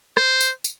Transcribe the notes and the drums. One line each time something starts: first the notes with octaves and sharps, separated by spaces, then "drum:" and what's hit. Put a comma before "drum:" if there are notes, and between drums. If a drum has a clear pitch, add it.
C5, drum: rim click
drum: tambourine
drum: tambourine